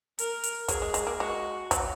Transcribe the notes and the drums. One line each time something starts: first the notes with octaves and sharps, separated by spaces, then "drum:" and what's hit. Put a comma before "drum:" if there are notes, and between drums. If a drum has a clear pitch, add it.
A#4, drum: hi-hat
drum: hi-hat
F#3 G#4, drum: kick, hi-hat
G#3
G#3, drum: hi-hat
A#3
G#3 F#4
F#3, drum: kick, hi-hat